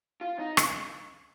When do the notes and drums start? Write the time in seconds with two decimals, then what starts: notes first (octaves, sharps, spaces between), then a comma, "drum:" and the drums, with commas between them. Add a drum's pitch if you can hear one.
0.21 F4
0.39 D#4
0.57 drum: rim click